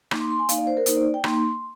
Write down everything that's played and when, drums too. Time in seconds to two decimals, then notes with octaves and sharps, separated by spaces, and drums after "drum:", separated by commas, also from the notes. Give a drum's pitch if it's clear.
0.11 A#3 D#4 D6, drum: rim click
0.20 C6
0.31 C6
0.39 G#5
0.49 A#3 D#4 F5, drum: hi-hat
0.58 D5
0.67 C5
0.77 A#4
0.86 A#3 D#4 C5, drum: hi-hat
0.96 D5
1.14 G5
1.24 A#3 D#4 C6, drum: rim click